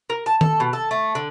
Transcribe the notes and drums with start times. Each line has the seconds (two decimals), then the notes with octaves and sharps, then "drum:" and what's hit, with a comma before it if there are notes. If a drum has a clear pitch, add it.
0.10 A#4
0.26 A5
0.41 A4, drum: tom D#3
0.60 B2
0.73 A4
0.91 A3
1.15 D3